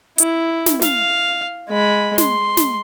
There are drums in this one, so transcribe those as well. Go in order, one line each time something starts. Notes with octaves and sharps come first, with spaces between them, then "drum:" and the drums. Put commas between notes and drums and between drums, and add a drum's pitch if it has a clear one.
E4, drum: hi-hat
drum: snare
F5, drum: snare
G#3 B5
C6, drum: snare
drum: snare